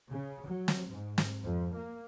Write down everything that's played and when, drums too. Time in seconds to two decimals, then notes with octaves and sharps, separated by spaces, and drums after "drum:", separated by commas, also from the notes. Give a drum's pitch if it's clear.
0.10 C#3
0.47 F#3
0.68 drum: snare
0.87 G#2
1.18 drum: snare
1.43 F2
1.76 A#3